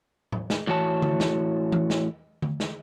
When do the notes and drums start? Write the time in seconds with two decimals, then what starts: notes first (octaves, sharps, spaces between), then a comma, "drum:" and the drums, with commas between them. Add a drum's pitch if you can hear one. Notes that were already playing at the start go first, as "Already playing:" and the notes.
0.32 drum: tom
0.50 drum: snare
0.67 A2 E3 F#4 C#5 A5
1.02 drum: tom D3
1.20 drum: snare
1.72 drum: tom E3
1.90 drum: snare
2.42 drum: tom D3
2.60 drum: snare